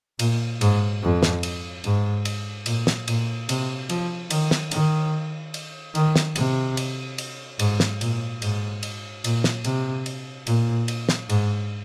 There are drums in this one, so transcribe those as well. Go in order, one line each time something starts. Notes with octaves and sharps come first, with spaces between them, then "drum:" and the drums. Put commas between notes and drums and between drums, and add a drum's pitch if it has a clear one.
A#2, drum: cymbal
G#2, drum: cymbal
F2
drum: snare
drum: cymbal
G#2, drum: cymbal
drum: cymbal
A#2, drum: cymbal
drum: snare
A#2, drum: cymbal
C3, drum: cymbal
F3, drum: cymbal
D#3, drum: cymbal
drum: snare
D#3, drum: cymbal
drum: cymbal
D#3, drum: cymbal
drum: snare
C3, drum: cymbal
drum: cymbal
drum: cymbal
G#2, drum: cymbal
drum: snare
A#2, drum: cymbal
G#2, drum: cymbal
drum: cymbal
A#2, drum: cymbal
drum: snare
C3, drum: cymbal
drum: cymbal
A#2, drum: cymbal
drum: cymbal
drum: snare
G#2, drum: cymbal